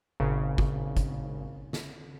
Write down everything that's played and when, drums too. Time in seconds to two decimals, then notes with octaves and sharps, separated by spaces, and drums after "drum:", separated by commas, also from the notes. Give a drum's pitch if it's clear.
0.20 G#1 A#2 C#3
0.58 drum: kick
0.97 drum: kick, hi-hat
1.73 drum: snare